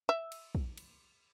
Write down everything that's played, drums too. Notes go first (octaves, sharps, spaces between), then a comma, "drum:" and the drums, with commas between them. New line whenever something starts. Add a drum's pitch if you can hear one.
E5
drum: cymbal
drum: kick
drum: cymbal